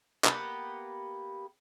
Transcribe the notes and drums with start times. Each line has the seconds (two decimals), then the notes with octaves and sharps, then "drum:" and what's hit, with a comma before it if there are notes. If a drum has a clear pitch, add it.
0.24 A#3 B3 G4 B4, drum: clap